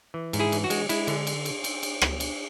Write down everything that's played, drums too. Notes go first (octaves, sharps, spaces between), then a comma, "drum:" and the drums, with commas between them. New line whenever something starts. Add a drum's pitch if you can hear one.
E3
G#2, drum: cymbal
E4 G#4
E3, drum: cymbal
F#4
G#3, drum: cymbal
G#3 E4, drum: cymbal
D3, drum: cymbal
drum: cymbal
drum: cymbal
drum: cymbal
drum: cymbal
drum: rim click
drum: cymbal